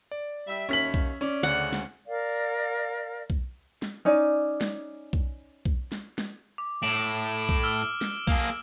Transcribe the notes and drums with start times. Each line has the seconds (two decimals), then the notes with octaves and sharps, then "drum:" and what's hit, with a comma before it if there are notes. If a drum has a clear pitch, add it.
0.11 D5
0.47 G3 E5
0.69 D#2 C#4 E5 B6 F#7
0.94 drum: kick B1
1.21 C#4 D5
1.43 D2 C#3 F#5
1.73 drum: snare
2.07 A#4 D5 F5
3.30 drum: kick B1
3.82 drum: snare
4.05 C#4 D#4 D5
4.61 drum: snare
5.13 drum: kick B1
5.65 drum: kick B1
5.92 drum: snare
6.18 drum: snare
6.58 D6
6.83 A2 D7 E7 F#7
7.49 drum: kick B1
7.64 E6 F6
8.01 drum: snare
8.27 A#3 G#4, drum: kick B1